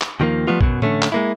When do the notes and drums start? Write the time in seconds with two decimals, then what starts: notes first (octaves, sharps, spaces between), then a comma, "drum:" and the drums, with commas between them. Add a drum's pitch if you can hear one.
0.01 drum: clap
0.20 D#2 D#3 F3 A3 A#3
0.47 F3 G3 A3 B3 F4
0.61 F#2 B2 F#3, drum: kick A#1
0.82 D3 A3 C#4, drum: tom A2
1.02 drum: clap
1.12 G#3 A#3 E4